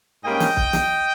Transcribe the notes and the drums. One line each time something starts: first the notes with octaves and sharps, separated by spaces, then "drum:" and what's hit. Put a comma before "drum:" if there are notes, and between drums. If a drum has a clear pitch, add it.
G#2 G3 A#3 C#4 D#5 G5
drum: snare
drum: kick
drum: snare